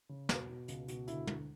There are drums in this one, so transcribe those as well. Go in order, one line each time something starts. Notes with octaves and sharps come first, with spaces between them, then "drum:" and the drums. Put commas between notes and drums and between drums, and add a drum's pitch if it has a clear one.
C#3
B2, drum: snare
B2
C#2, drum: hi-hat
B2, drum: hi-hat
D2 E4, drum: hi-hat
D2, drum: tom